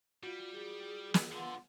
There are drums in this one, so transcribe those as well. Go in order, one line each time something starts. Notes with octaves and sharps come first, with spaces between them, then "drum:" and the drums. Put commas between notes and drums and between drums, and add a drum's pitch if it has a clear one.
G3 F4 F#4
G#4
drum: snare
D3 B3 F4